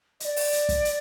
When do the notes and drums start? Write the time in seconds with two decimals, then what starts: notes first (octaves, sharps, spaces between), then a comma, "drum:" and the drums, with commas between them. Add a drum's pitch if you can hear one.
0.20 D#5, drum: hi-hat
0.25 D5
0.36 drum: open hi-hat
0.53 drum: hi-hat
0.69 drum: kick, hi-hat
0.85 drum: hi-hat